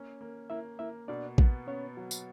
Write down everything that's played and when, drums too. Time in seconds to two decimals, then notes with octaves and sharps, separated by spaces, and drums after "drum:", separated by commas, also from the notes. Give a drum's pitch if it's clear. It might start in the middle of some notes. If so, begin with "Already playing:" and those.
Already playing: A#3 C#4
0.21 A#3
0.50 A#3 E4 E5
0.79 A#3 E4 E5
1.08 B2 D4 D5
1.38 B3, drum: kick A#1
1.67 B3 C#4 C#5
1.97 F#3
2.11 drum: tambourine